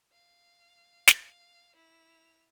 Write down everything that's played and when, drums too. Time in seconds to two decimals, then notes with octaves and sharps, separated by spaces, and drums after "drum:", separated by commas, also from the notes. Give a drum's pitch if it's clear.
0.13 F5
1.07 drum: snare
1.24 F5
1.76 E4 F7